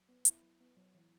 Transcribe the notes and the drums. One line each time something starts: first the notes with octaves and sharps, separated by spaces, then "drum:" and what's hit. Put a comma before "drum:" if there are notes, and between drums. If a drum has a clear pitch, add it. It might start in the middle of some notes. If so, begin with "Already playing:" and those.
Already playing: F#3
B3
B3 E4, drum: hi-hat
F#3
B3
F#3
E3